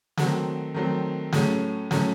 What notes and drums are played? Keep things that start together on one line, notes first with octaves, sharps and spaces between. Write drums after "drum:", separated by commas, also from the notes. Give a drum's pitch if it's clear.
D#3 F#3 A3 C4 F#4, drum: snare
D#3 F#3 A3 C4
A2 F#3 A3 C#4 G#4, drum: snare
A2 F#3 A3 C#4, drum: snare